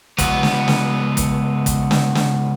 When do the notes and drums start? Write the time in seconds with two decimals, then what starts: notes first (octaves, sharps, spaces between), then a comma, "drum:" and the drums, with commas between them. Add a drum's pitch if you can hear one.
0.18 C#2 B3, drum: kick, hi-hat
0.43 drum: snare
0.68 drum: snare
1.17 drum: kick, hi-hat
1.66 drum: kick, hi-hat
1.91 drum: snare
2.15 drum: snare